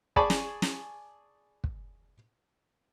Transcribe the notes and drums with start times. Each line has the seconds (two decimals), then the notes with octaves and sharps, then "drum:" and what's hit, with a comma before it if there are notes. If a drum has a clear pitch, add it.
0.16 G#4 D5 G#5 A5 B5 C#6, drum: kick
0.30 drum: snare
0.62 drum: snare
1.64 drum: kick